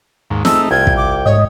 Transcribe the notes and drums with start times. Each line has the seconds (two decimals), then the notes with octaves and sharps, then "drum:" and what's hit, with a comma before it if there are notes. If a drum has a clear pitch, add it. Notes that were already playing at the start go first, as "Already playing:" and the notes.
0.30 D#2 G#2
0.45 A3 C4 D#4 G#4 E6, drum: snare
0.71 C2 F4 G5 A5 G#6
0.87 drum: kick
0.97 D6
1.26 G#2 C#5 D#5